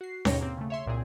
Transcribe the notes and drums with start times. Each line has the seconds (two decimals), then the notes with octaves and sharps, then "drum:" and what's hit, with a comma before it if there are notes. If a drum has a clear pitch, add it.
0.01 F#4 C7
0.25 D#2 G#2 B2 C#5 G5 A#6, drum: snare C#4
0.41 A#3 C4
0.57 C#3 A3
0.70 C#5 E5 C6
0.86 C2 A#2 C4 G#4